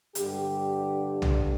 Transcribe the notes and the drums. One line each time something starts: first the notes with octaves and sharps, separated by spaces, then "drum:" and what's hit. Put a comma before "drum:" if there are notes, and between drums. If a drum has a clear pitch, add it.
G2 D3 G3 G4, drum: hi-hat
drum: tom B1